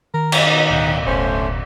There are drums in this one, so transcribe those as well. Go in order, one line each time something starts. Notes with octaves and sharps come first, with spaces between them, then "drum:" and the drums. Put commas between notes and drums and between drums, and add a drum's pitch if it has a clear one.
D#3 A#4
F#2 G5 G#5, drum: cymbal
B2 D#4
D1 B2 F#5 G5
F1 A3 C#4 C5